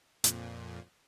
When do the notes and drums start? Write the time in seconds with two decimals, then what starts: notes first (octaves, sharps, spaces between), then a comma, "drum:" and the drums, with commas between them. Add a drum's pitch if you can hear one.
0.24 F2 A#2, drum: hi-hat